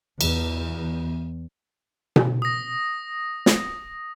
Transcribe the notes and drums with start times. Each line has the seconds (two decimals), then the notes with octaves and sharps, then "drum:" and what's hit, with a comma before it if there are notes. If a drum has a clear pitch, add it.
0.21 E2, drum: cymbal
2.16 drum: tom B2
2.42 D#6 A#6
3.46 drum: snare